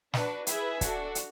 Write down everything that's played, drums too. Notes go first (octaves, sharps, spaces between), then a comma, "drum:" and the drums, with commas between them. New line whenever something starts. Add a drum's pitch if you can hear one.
D4 F#4 B4, drum: snare
E4 G#4 B4 E5 G#5, drum: hi-hat
D4 F#4 A4, drum: kick, hi-hat
drum: hi-hat